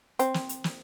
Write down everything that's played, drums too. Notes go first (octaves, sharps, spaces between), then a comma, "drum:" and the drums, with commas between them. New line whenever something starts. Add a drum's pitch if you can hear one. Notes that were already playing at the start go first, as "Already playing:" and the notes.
C4, drum: hi-hat
drum: snare
drum: hi-hat
drum: snare